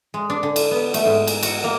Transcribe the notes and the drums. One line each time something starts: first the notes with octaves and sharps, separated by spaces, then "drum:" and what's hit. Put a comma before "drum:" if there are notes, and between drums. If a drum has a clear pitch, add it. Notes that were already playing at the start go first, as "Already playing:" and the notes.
G#3
D4
D3
drum: cymbal
B3
A3, drum: cymbal
G#2
G#5, drum: cymbal
F#4, drum: cymbal
A#3